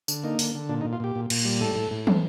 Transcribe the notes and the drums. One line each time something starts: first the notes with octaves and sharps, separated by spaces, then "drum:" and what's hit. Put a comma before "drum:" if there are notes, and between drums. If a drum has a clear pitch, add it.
D3, drum: tambourine
A#3 D#4
D3, drum: open hi-hat
D3
A#2 D4
D#4
A#2
F4
A#2 G4
A#2
A#2, drum: cymbal
G3
A2 A4
A2
A2
A3, drum: tom